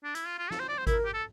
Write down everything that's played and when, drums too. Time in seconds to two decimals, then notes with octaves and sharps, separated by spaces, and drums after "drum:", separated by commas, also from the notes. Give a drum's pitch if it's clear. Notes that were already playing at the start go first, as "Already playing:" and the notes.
0.04 D4
0.15 E4, drum: hi-hat
0.27 F4
0.39 F4
0.51 A4, drum: snare
0.60 C5
0.69 D5
0.78 C5
0.87 E4 A#4, drum: kick G#1, hi-hat
1.05 G4
1.14 A4